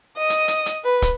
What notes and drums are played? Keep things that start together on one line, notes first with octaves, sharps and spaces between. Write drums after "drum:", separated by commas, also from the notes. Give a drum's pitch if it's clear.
D#5 D#6
drum: hi-hat
drum: hi-hat
drum: hi-hat
B4
drum: kick, hi-hat